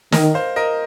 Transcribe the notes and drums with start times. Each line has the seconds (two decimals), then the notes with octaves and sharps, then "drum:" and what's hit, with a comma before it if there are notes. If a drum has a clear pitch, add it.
0.12 D#3 A#4 D#5, drum: snare
0.34 C5 F5
0.56 A#4 D#5